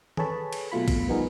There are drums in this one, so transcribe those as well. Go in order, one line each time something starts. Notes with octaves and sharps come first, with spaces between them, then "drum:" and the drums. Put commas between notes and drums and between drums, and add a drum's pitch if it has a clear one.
G#4 A4 B4 C#5 A5 B5, drum: tom D#3
drum: cymbal
B2 F#3 A3 F4 B5
drum: kick A1, cymbal
F3 G3 B3 D#4 G#4 A#4